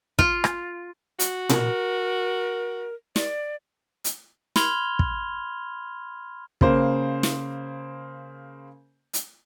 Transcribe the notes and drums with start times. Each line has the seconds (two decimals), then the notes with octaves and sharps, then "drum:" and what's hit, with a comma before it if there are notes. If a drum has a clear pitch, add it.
0.19 F4, drum: kick
0.44 drum: rim click
1.19 F#4, drum: hi-hat
1.49 A#4, drum: tom A#2
3.16 D5, drum: snare
4.04 drum: hi-hat
4.56 B5 C6 F6 G#6 F7 G7, drum: snare
4.99 drum: kick
6.61 C#3 A#3 C5, drum: kick
7.23 drum: snare
9.13 drum: hi-hat